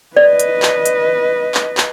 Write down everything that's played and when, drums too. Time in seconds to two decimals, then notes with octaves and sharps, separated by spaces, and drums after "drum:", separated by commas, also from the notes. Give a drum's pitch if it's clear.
0.17 B4 D5 D#5
0.40 drum: hi-hat
0.63 drum: clap
0.86 drum: hi-hat
1.55 drum: clap
1.78 drum: clap